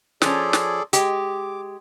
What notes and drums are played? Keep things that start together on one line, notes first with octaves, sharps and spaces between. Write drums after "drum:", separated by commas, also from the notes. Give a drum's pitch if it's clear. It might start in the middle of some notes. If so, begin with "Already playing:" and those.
F3 C#4 G#4 A4 D5, drum: snare
drum: snare
G#3 G4 D6, drum: hi-hat